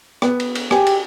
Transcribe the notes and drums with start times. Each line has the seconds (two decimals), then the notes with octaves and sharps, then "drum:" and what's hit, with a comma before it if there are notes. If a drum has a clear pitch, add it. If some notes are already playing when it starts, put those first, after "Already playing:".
0.22 B3, drum: rim click
0.40 drum: cymbal
0.55 drum: cymbal
0.71 G4 G#5, drum: rim click
0.87 drum: cymbal